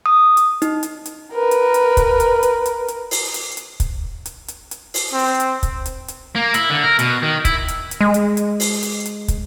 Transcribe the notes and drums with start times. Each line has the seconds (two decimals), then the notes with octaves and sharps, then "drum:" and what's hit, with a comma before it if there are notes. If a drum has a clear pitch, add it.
0.06 D#6
0.37 drum: hi-hat
0.62 D#4, drum: hi-hat
0.83 drum: hi-hat
1.06 drum: hi-hat
1.33 A#4 B4
1.51 drum: hi-hat
1.74 drum: hi-hat
1.97 drum: kick, hi-hat
2.20 drum: hi-hat
2.43 drum: hi-hat
2.66 drum: hi-hat
2.88 drum: hi-hat
3.11 drum: open hi-hat
3.34 drum: hi-hat
3.57 drum: hi-hat
3.80 drum: kick, hi-hat
4.26 drum: hi-hat
4.48 drum: hi-hat
4.71 drum: hi-hat
4.94 drum: open hi-hat
5.13 C4
5.40 drum: hi-hat
5.63 drum: kick, hi-hat
5.86 drum: hi-hat
6.08 drum: hi-hat
6.36 A#3
6.54 E4, drum: hi-hat
6.70 D3
6.83 A#4
6.99 B2, drum: hi-hat
7.23 D#3
7.45 E4, drum: kick, hi-hat
7.68 drum: hi-hat
7.91 drum: hi-hat
8.01 G#3
8.14 drum: hi-hat
8.37 drum: hi-hat
8.60 drum: open hi-hat
8.83 drum: hi-hat
9.06 drum: hi-hat
9.28 drum: kick, hi-hat